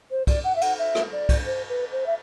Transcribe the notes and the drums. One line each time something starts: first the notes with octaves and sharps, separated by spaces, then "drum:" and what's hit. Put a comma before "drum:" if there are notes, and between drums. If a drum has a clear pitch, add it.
C5
D5, drum: kick, cymbal
F#5
E5
F#5, drum: cymbal
E5
drum: rim click
D5
drum: kick, cymbal
C5
B4
C5
E5